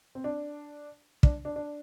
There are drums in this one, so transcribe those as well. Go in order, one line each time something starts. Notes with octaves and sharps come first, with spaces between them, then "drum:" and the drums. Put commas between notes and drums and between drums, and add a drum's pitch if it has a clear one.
C4
D4
D4, drum: kick
D4
D4